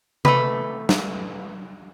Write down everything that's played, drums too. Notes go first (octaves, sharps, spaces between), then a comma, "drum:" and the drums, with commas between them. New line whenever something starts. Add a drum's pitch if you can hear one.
A3 B4, drum: tom C3
drum: snare